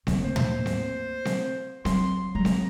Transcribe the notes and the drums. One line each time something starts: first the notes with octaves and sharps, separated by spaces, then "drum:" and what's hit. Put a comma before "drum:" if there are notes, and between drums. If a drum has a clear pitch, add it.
D#2 D#3, drum: snare C4
A3 A#3 C5
drum: tom
drum: snare C4
drum: snare C4
F#3 C6, drum: snare C4
F#3 G#3 A#5
drum: snare C4